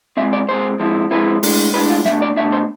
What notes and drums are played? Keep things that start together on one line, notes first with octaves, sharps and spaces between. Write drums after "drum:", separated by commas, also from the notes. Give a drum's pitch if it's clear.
C3 G#3 C4 E5
D5
C3 G#3 C4 C5
F3 G#3 C4 E4
F3 G#3 C4 E4 B4
A2 G#3 D4, drum: open hi-hat
A2 G#3 D4 B4
F4
B2 A3 D4 E5, drum: snare
D5
B2 A3 D4 E5
C5